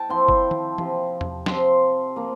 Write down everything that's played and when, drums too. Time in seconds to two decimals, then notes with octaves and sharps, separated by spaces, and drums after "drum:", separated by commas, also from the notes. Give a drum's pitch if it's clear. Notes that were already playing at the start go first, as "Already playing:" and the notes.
Already playing: G5 A5
0.09 F3 C4 E4 C6
0.28 drum: kick F#1
0.51 drum: tom D#3
0.78 C3 F3 C4, drum: tom E3
1.21 drum: tom E2
1.46 C3 F3 C4 C6, drum: snare
2.16 F3 A#3